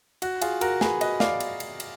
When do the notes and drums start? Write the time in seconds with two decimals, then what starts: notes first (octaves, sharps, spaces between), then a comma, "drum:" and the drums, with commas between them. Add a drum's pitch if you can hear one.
0.22 F#4, drum: cymbal
0.41 F4 G#4, drum: cymbal
0.61 F#4 A#4, drum: cymbal
0.81 G#4 B4, drum: snare
1.01 B4 D#5, drum: cymbal
1.20 D5 F5, drum: snare
1.40 drum: cymbal
1.60 drum: cymbal
1.80 drum: cymbal